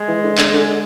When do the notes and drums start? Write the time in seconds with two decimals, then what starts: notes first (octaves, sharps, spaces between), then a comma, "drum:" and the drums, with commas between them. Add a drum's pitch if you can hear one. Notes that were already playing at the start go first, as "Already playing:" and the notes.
Already playing: G#3
0.08 E3
0.23 D3
0.38 D3, drum: clap
0.53 D3